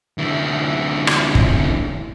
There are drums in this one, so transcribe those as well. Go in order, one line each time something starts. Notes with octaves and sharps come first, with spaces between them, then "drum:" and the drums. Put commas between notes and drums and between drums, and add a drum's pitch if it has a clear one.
D2 E3
drum: rim click
drum: kick